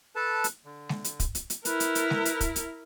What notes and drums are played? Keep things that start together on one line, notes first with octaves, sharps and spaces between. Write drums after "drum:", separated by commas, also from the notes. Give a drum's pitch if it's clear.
A4 B4 A5
drum: hi-hat
D3
drum: snare G#3
drum: hi-hat
drum: kick, hi-hat
drum: hi-hat
drum: hi-hat
E4 A#4 B4, drum: hi-hat
drum: hi-hat
drum: hi-hat
drum: snare G#3
drum: hi-hat
drum: kick, hi-hat
drum: hi-hat